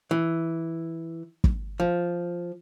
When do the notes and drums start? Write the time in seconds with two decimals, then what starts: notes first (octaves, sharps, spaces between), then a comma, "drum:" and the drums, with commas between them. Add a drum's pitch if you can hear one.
0.11 E3
1.44 drum: kick
1.80 F3